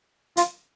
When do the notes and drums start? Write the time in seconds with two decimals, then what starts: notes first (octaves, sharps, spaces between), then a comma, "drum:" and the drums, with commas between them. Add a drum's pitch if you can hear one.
0.37 F4, drum: hi-hat